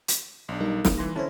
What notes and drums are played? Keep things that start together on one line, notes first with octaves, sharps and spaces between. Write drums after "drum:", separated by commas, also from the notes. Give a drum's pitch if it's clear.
drum: hi-hat
B1 D4
G3 D#4 A#4
A#3 G#4, drum: snare
E3 C6 A#6
D3 C#4 E4 C5 C#5 A5